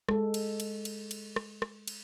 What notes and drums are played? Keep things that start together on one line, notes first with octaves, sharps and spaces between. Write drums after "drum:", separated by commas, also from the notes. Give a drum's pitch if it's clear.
G#3 A4, drum: rim click
drum: cymbal
drum: cymbal
drum: cymbal
drum: cymbal
drum: rim click
drum: rim click
drum: cymbal